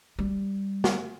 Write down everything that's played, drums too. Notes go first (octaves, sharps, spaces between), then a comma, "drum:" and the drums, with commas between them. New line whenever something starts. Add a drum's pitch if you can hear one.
G3
drum: snare